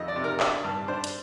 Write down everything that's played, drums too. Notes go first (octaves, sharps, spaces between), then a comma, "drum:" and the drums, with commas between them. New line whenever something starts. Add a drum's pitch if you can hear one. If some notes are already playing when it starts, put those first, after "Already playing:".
Already playing: F2 D#5
D5
C3
A#4
D4, drum: clap
G2
D4 C5
drum: hi-hat